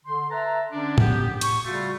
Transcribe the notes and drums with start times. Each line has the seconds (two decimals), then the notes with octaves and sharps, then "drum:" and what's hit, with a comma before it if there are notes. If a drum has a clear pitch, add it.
0.06 D3 C6
0.31 B4 E5 A5 A#5
0.71 D3 C#4 D4
0.98 B3 G4, drum: tom A2
1.41 C#6, drum: hi-hat
1.65 C#3 G3 A3 F4 F#4